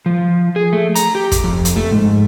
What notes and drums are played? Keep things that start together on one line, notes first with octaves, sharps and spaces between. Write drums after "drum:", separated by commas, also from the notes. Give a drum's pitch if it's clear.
F3
G#4
A3
A#5, drum: hi-hat
G4
drum: kick, hi-hat
F2
drum: hi-hat
A3
G#2